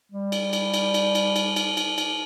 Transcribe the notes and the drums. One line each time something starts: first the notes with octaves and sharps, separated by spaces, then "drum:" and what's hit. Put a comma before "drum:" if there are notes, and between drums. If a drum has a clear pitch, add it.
G3
drum: cymbal
drum: cymbal
drum: cymbal
drum: cymbal
drum: cymbal
drum: cymbal
drum: cymbal
drum: cymbal
drum: cymbal